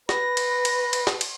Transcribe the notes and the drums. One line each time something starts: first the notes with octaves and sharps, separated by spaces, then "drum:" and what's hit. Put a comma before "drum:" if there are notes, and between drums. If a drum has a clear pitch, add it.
B4 B5 A#6, drum: snare
drum: cymbal
drum: cymbal
drum: cymbal
drum: snare
drum: cymbal